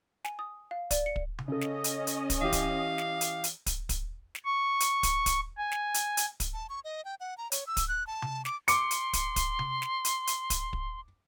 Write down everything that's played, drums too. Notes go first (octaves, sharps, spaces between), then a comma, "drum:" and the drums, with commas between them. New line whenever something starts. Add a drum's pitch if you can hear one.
G#5, drum: snare
D#6
F5
D5, drum: kick, hi-hat
C#7
drum: kick
drum: tom C3
C#3 C#4 A4 D#5
drum: snare
drum: hi-hat
drum: hi-hat
drum: kick, hi-hat
E3 G4 F5
drum: kick, hi-hat
drum: snare
drum: hi-hat
drum: hi-hat
drum: kick, hi-hat
drum: kick, hi-hat
drum: snare
C#6
drum: hi-hat
drum: kick, hi-hat
drum: kick, hi-hat
G#5
drum: snare
drum: hi-hat
drum: hi-hat
drum: kick, hi-hat
A5
C#6
D#5
G5
F#5
A#5
C#5, drum: hi-hat
E6
drum: kick, hi-hat
F#6
A5
drum: tom C3
D6, drum: snare
C6 D6 C#7, drum: hi-hat
drum: hi-hat
drum: kick, hi-hat
drum: kick, hi-hat
drum: tom C3
drum: snare
drum: hi-hat
drum: hi-hat
drum: kick, hi-hat
drum: kick